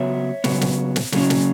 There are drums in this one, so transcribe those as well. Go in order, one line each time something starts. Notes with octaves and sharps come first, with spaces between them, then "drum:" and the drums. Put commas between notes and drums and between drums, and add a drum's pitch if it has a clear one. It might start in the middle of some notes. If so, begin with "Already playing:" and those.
Already playing: C#3 F#3 B3 C#5 E5
C#3 F#3 B3, drum: snare
drum: snare
drum: snare
C#3 F#3 C#4, drum: snare
drum: snare